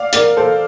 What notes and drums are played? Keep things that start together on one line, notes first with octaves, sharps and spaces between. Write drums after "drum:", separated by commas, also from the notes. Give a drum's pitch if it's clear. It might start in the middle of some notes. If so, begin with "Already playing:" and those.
Already playing: D5 F5
A#4 D5, drum: hi-hat
A4 C5